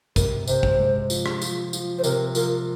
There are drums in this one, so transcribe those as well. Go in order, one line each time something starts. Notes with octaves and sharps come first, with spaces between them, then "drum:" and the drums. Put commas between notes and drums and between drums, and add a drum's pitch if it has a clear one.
C3 A#4, drum: kick, tambourine
C3 C5, drum: tambourine
drum: kick
G#3
F3, drum: tambourine
drum: rim click
F3, drum: tambourine
F3, drum: tambourine
C5
C3 A#4, drum: tambourine
F3 A#4, drum: tambourine